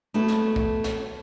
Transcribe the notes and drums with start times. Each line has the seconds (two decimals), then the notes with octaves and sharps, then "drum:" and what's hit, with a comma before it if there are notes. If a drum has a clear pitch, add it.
0.14 A3 B3 E4 F#4
0.28 drum: snare
0.56 drum: kick
0.84 drum: snare